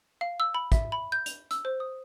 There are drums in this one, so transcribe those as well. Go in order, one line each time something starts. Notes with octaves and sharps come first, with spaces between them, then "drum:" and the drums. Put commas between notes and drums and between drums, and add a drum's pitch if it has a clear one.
F5
E6
B5
E5, drum: kick, hi-hat
B5
G6
F7, drum: hi-hat
E6, drum: hi-hat
C5
D#6